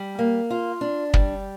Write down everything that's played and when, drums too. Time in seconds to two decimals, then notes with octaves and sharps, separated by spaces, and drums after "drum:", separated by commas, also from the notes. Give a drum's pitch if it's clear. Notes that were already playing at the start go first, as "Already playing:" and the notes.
Already playing: G3
0.19 A#3
0.50 F4
0.81 D4
1.14 G3, drum: kick